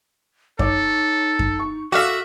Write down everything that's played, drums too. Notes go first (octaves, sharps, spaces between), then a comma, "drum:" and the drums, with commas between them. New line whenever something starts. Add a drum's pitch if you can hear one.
D#4 A4 C#5 D6, drum: kick F#2
drum: kick F#2
C#6
F#4 A4 E5 F5 D6 F6